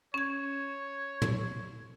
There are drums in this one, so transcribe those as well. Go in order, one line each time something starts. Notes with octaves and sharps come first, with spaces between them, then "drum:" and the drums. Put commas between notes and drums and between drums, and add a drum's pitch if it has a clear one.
C#4 C#5 G#6
drum: tom